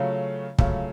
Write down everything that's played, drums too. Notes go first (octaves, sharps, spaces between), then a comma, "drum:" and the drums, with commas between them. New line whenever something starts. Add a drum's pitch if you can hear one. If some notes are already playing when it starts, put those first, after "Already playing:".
Already playing: C#3 F#3 A3 C#4 F4
C#3 F#3 A3 C#4 F4, drum: kick